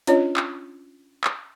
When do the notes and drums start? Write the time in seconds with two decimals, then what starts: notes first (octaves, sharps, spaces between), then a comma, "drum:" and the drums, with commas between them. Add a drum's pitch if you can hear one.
0.07 C#4 D4 F4 C#5 D#5, drum: hi-hat
0.37 drum: clap
1.24 drum: clap